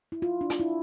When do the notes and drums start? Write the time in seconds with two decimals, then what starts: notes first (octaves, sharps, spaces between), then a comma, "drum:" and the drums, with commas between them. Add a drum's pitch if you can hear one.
0.12 E4
0.22 F4
0.41 D4
0.50 F4, drum: hi-hat
0.60 E4